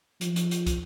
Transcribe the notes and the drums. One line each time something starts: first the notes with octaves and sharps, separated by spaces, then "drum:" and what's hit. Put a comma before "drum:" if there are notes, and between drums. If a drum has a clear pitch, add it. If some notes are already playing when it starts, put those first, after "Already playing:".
F3, drum: hi-hat
drum: hi-hat
drum: hi-hat
drum: kick, hi-hat